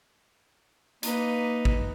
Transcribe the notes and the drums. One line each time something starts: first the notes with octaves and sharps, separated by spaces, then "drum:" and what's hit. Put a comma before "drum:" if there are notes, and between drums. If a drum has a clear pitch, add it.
A#3 D#4 B4, drum: hi-hat
drum: kick G#1